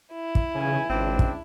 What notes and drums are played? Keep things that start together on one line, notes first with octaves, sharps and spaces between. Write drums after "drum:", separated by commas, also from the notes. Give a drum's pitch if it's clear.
E4
drum: kick
B1 E2 C#3 G#5
G#1 C#2 C4 D4
drum: kick